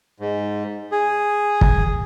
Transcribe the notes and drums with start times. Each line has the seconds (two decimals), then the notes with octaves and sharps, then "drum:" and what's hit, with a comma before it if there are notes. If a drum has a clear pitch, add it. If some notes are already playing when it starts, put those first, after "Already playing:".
0.20 G#2
0.91 G#4
1.61 drum: kick